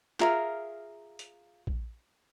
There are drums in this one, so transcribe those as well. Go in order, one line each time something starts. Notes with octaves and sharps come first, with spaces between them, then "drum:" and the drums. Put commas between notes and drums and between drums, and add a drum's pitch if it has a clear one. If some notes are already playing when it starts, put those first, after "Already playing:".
F4 G#4 A#4 E5, drum: clap
drum: hi-hat
drum: kick